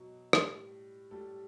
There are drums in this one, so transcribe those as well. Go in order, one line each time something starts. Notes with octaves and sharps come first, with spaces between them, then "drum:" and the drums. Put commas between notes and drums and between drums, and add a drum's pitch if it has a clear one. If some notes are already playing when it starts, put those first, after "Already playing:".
Already playing: B2 F#3 D#5
A2 G3, drum: rim click
A2 G3 A4